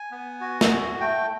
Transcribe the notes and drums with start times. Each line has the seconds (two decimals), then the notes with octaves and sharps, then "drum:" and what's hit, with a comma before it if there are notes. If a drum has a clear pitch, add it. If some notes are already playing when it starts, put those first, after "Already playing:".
Already playing: G#5
0.11 B3
0.41 F#4
0.61 drum: snare
0.71 F#4
1.01 A3 G5